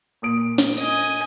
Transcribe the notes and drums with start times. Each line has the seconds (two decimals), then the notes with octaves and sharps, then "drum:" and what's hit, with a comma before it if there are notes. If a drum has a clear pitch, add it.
0.22 A#2 D#6 D7
0.58 drum: snare
0.78 D#5 G#5, drum: tambourine